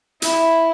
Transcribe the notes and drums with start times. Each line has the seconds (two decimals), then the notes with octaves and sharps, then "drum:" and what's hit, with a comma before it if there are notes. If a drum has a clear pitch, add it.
0.22 E4, drum: hi-hat